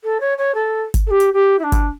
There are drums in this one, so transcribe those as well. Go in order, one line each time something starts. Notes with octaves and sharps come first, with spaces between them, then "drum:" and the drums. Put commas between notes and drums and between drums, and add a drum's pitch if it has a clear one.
A4
C#5
C#5
A4
drum: kick G1, hi-hat
A4
G4
drum: hi-hat
G4
E4
D4
drum: kick G1, hi-hat